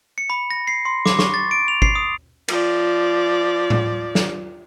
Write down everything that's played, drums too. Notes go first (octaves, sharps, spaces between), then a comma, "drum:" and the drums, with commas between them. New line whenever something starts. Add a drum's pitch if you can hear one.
C#7
B5
A#6
C7
C6
D6, drum: snare
C#6, drum: snare
A6
D7
F7
C7, drum: kick G#1
D#6
F3 D5, drum: cymbal
drum: tom A2
drum: snare